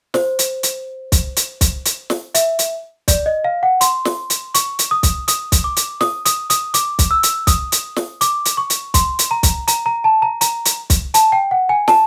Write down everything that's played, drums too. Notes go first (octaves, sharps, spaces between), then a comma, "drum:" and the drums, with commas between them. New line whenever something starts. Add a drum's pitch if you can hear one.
C5, drum: snare
drum: hi-hat
drum: hi-hat
drum: kick, hi-hat
drum: hi-hat
drum: kick, hi-hat
drum: hi-hat
drum: snare
E5, drum: hi-hat
drum: hi-hat
D5, drum: kick, hi-hat
D#5
F5
F#5
C6, drum: hi-hat
drum: snare
drum: hi-hat
C#6, drum: hi-hat
drum: hi-hat
D#6
drum: kick, hi-hat
D#6, drum: hi-hat
drum: kick, hi-hat
D6
drum: hi-hat
D#6, drum: snare
D#6, drum: hi-hat
D#6, drum: hi-hat
D6, drum: hi-hat
drum: kick, hi-hat
E6
drum: hi-hat
D#6, drum: kick, hi-hat
drum: hi-hat
drum: snare
D6, drum: hi-hat
drum: hi-hat
C#6
drum: hi-hat
C6, drum: kick, hi-hat
drum: hi-hat
A#5
drum: kick, hi-hat
A#5, drum: hi-hat
A#5
A5
A#5
A#5, drum: hi-hat
drum: hi-hat
drum: kick, hi-hat
A5, drum: hi-hat
G5
F#5
G#5
A5, drum: snare